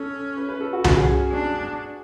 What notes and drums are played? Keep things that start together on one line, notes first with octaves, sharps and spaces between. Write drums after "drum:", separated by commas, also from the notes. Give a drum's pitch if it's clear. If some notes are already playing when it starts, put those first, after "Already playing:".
Already playing: C#4 A4
B4
B4
A4
F#4
C#4 F#4, drum: tom C2
G#4
D4